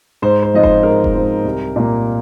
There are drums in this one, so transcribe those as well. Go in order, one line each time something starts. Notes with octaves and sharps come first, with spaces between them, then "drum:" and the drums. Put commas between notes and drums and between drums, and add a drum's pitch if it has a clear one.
G#2 C5
C5
F3 C4 D#4 D#5
C5, drum: kick F1
G#2 A#4
drum: kick F1
F3 C4 D#4
C2
A#2 A#3